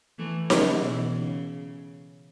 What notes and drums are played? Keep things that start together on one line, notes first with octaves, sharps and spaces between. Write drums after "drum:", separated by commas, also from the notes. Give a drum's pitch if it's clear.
E3 A3
C#3 F#3, drum: snare D#4
B2 E3
C#3